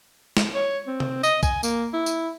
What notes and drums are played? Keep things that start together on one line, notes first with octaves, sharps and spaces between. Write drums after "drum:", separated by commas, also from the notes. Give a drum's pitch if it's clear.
drum: snare
C#5
C4
drum: tom C3
D#5, drum: tambourine
G#5, drum: kick, tambourine
A#3, drum: tambourine
E4
drum: tambourine